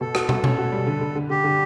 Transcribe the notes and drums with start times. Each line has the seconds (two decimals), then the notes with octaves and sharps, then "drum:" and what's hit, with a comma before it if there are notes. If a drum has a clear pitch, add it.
0.01 B2 A4
0.15 F#4, drum: rim click
0.29 F#4, drum: tom
0.44 C#4, drum: tom B2
0.58 F#4
0.72 G3
0.87 D3
1.01 D3
1.15 D3
1.30 D3 G4
1.44 D3